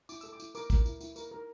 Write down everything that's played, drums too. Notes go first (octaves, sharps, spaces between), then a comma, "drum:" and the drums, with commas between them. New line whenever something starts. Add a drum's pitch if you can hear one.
E4 D6, drum: tambourine
A4 E6, drum: tambourine
D6
E4, drum: tambourine
A#4 D6, drum: tambourine
A#4, drum: kick, tambourine
E4, drum: tambourine
E4, drum: tambourine
A#4, drum: tambourine
A#4